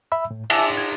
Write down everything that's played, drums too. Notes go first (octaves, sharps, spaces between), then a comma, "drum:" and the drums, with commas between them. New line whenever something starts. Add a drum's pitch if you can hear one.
E5 B5 E6
A2
E5 G#5 A5 D6 E6, drum: cymbal
G#6